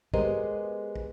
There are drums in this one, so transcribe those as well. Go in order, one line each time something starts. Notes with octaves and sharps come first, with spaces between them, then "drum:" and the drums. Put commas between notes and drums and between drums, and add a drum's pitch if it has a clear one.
G#3 B3 G4 A#4 C5 D#5, drum: kick
drum: kick